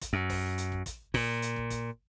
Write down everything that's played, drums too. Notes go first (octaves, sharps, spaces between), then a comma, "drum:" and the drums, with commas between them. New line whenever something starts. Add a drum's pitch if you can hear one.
drum: kick, hi-hat
F#2
drum: kick, open hi-hat
drum: hi-hat
drum: kick
drum: kick, hi-hat
A#2, drum: kick, open hi-hat
drum: hi-hat
drum: kick
drum: kick, hi-hat